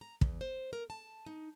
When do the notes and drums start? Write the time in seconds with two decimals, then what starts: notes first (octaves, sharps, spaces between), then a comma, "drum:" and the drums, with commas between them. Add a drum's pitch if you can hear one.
0.01 A#5
0.21 E2, drum: kick
0.41 C5
0.73 A#4
0.90 A5
1.26 D#4